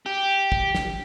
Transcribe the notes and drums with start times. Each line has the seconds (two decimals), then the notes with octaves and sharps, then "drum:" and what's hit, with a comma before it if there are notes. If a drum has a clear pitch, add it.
0.06 G4
0.52 drum: kick
0.75 drum: snare